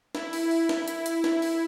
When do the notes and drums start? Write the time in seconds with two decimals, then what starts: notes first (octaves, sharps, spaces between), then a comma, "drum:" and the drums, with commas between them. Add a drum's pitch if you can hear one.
0.15 E4, drum: snare
0.33 drum: open hi-hat
0.51 drum: open hi-hat
0.69 drum: snare
0.88 drum: hi-hat
1.06 drum: hi-hat
1.24 drum: snare
1.42 drum: open hi-hat